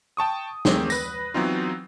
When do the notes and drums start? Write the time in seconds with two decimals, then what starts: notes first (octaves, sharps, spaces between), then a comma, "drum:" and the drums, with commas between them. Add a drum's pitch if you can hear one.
0.17 G5 A5 C#6 D#6
0.65 D#3 A3 C4 G4 G#4, drum: snare
0.90 B4 A#6, drum: tambourine
1.34 E3 F#3 B3 C4 D#4 F4